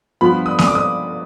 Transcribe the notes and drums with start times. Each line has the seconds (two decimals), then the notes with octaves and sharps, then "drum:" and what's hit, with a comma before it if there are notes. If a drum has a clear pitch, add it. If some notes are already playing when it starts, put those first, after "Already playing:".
0.21 G2 F3 B3 B5
0.46 D#6
0.59 D#6, drum: snare A#3
0.67 D6
0.75 D#6